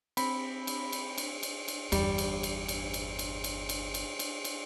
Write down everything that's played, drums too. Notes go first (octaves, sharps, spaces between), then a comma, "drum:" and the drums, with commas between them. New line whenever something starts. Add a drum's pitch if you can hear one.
C4 B5, drum: cymbal
drum: cymbal
drum: cymbal
drum: cymbal
drum: cymbal
drum: cymbal
G1 E2 G3, drum: cymbal
drum: cymbal
drum: cymbal
drum: cymbal
drum: cymbal
drum: cymbal
drum: cymbal
drum: cymbal
drum: cymbal
drum: cymbal
drum: cymbal